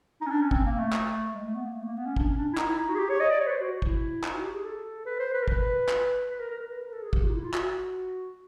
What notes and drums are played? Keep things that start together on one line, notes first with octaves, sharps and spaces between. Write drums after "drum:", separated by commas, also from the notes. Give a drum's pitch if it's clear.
D#4
C#4
D4
C#4
C4, drum: kick
A#3
A3
drum: clap
G#3
A3
B3
A#3
A3
A#3
B3
C#4
D4, drum: kick
C#4
D4
E4
D#4, drum: clap
E4
D#4
F#4
G#4
G4
C#5
D#5
D5
C#5
B4
C5
F#4
E4, drum: kick
D#4, drum: clap
F#4
G4
G#4
A4
B4
C5
B4
A#4
B4, drum: kick
drum: clap
B4
A#4
A#4
A#4
B4
A#4
A4
G#4
G4, drum: kick
F4
D#4
E4
F4
F#4, drum: clap